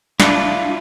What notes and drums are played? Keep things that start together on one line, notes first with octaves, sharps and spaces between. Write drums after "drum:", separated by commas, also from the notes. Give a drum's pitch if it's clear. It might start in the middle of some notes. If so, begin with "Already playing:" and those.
D4 E4 F4, drum: snare